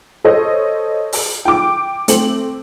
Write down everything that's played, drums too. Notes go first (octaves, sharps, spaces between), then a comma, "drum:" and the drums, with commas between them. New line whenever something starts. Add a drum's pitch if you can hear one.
A4 C5 C#5 D#5
drum: open hi-hat
G5 D6
A3 C4 F#7, drum: hi-hat